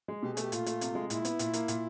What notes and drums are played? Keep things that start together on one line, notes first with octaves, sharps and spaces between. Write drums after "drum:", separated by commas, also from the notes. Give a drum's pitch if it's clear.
G#3
B2 G4
G#4
A3, drum: hi-hat
G4
A#2 F4, drum: hi-hat
A3, drum: hi-hat
C3, drum: hi-hat
G#3
A#2 E4, drum: hi-hat
B3, drum: hi-hat
A#2, drum: hi-hat
A#3, drum: hi-hat
A#2, drum: hi-hat